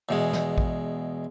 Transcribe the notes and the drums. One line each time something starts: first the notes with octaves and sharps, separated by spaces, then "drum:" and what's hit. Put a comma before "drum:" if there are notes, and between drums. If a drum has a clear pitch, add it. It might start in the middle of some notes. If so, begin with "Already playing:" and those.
E2 B2 G#3
drum: snare
drum: kick A1